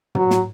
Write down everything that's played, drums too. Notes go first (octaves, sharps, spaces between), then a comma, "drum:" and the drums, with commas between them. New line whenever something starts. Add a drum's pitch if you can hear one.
F#3, drum: tom
drum: snare